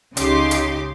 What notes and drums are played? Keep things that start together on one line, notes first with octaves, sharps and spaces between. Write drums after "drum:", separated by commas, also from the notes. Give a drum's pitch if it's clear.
C#2 C#3 D#4 G4 C6 D6, drum: hi-hat
drum: hi-hat